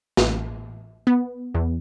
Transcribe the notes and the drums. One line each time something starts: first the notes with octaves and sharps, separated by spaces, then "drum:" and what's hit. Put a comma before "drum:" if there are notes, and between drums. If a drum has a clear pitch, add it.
A1, drum: snare
B3
E2